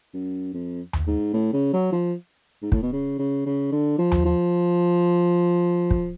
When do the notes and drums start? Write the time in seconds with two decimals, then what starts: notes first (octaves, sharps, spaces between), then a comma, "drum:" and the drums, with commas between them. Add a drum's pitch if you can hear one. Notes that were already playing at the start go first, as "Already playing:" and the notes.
0.14 F#2
0.54 F2
0.93 drum: tom D#2
1.07 G#2
1.33 A2
1.53 C#3
1.73 F#3
1.92 F3
2.62 G#2
2.72 A2, drum: kick
2.82 B2
2.92 C#3
3.19 C#3
3.46 C#3
3.72 D3
3.98 F3
4.12 drum: tom D#2
4.25 F3
5.91 drum: kick